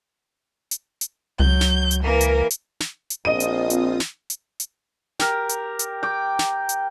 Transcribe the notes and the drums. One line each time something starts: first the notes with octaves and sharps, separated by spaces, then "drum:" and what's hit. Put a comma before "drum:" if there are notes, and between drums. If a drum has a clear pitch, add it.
drum: hi-hat
drum: hi-hat
C#2 F#3 G6
drum: snare
drum: hi-hat
E3 A#3 A#4
drum: hi-hat
drum: hi-hat
drum: snare
drum: hi-hat
A#1 C4 F4 D#5 D#6 D#7
drum: hi-hat
drum: hi-hat
drum: snare
drum: hi-hat
drum: hi-hat
G4 A#4, drum: snare
drum: hi-hat
drum: hi-hat
G5 D6
drum: snare
drum: hi-hat